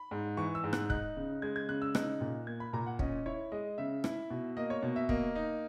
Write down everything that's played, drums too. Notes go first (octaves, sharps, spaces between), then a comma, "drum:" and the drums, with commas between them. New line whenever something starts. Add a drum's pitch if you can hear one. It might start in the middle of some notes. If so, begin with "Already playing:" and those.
Already playing: B5
G#2
E3 C#6
E6
G#2
F#6, drum: rim click
D#4 F#6, drum: kick
C#3
G#3 G#6
G#6
C#3 F#6
E6
D#4 F#6, drum: rim click
A#2
A#3 G#6
B5
A#2 A#5
F#5
C#4 D#5, drum: kick
E4 C#5
G#3 D#5
C#3 E5
E4, drum: rim click
B2
A#3 D#5
C#5
B2
E5
A#3 D#5, drum: kick
D#4